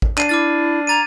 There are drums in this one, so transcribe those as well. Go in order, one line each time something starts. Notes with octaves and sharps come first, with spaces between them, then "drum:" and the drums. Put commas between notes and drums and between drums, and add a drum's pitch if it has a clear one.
drum: kick
D4 C7 D#7, drum: clap
E4 D6 F6 A6
A#5 G#6 A6 D#7